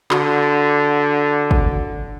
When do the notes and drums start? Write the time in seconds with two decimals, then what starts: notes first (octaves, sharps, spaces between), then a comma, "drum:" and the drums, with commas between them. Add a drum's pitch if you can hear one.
0.11 D3 F#4, drum: clap
1.51 drum: kick